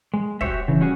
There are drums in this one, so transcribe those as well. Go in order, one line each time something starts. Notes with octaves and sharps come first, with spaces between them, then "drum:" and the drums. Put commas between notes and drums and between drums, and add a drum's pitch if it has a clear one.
G#3
F#4 G4 A#4 C5 C#5 E5, drum: kick
C#3 E3
G3 C#4 F#4 G#4